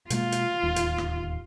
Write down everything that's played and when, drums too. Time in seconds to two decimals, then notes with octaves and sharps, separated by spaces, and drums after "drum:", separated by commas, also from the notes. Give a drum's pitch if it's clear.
0.10 B2 G#3 A#3 F4, drum: hi-hat
0.32 drum: hi-hat
0.63 D1 D#2
0.76 drum: hi-hat
0.98 drum: rim click